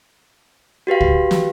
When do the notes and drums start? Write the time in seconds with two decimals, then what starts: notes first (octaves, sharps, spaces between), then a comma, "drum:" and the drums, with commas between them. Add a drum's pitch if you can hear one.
0.87 F#4 G4 B4 F5
1.01 drum: kick
1.31 drum: snare